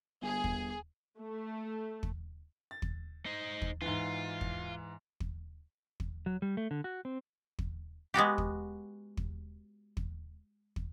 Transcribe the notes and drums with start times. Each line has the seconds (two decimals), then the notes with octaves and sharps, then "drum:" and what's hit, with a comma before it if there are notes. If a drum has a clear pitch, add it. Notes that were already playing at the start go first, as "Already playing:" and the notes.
0.22 G1 G#4
0.44 drum: kick
1.19 A3
2.03 drum: kick
2.71 A6
2.82 drum: kick
3.26 D#4 C5
3.62 drum: kick
3.81 G#2 E3 F4
4.41 drum: kick
5.20 drum: kick
6.00 drum: kick
6.26 F#3
6.42 G3
6.57 A3
6.71 D3
6.84 F#4
7.05 C4
7.59 drum: kick
8.14 G#3 B3 F#4 G4
8.38 drum: kick
9.17 drum: kick
9.97 drum: kick
10.76 drum: kick